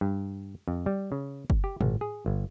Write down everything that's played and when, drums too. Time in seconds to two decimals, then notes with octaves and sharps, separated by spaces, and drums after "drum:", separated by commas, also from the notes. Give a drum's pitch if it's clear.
0.01 G2
0.68 F2
0.86 G3
1.12 C#3
1.50 drum: kick F#1
1.64 G4
1.81 G#1, drum: tom
2.01 G#4
2.26 G1